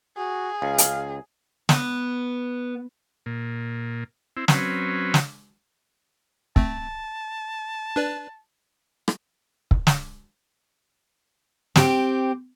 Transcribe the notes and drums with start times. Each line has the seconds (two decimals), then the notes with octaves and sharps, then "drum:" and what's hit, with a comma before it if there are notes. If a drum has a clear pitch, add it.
0.17 F#4 G#4
0.62 C#2 F5
0.78 drum: hi-hat
1.69 B3, drum: snare
3.26 A#2
4.37 C4 E4
4.48 F#3 C4 C#4 B4, drum: snare
5.14 drum: snare
6.56 A3 C4 A5, drum: kick
7.96 D4 B4 D5
9.08 drum: rim click
9.71 drum: kick
9.87 drum: snare
11.76 C4 G4, drum: snare